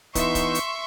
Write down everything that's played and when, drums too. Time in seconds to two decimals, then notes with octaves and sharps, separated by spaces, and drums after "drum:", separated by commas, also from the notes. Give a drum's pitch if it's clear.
0.15 E3 B3 D#4 E5 C6 C#6, drum: kick, hi-hat
0.35 drum: kick, hi-hat
0.55 drum: hi-hat